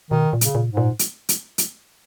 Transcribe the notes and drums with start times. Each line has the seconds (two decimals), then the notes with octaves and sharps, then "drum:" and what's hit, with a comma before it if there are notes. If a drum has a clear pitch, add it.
0.11 B2 D#3
0.33 A#2
0.41 C#3, drum: hi-hat
0.55 A#2
0.70 G#2
0.77 A#2
0.99 drum: hi-hat
1.29 drum: hi-hat
1.58 drum: hi-hat